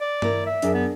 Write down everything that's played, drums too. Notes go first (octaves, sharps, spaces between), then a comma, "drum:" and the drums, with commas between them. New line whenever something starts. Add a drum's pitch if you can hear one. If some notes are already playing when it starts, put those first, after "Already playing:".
D5
E4 A#4, drum: tom G2
E5
F#2 D4 G#4 A#4, drum: hi-hat
B3